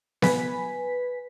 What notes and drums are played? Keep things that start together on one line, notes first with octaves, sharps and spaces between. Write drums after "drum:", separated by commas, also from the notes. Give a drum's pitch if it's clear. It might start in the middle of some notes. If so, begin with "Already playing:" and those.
B4 G#5 B6, drum: snare B3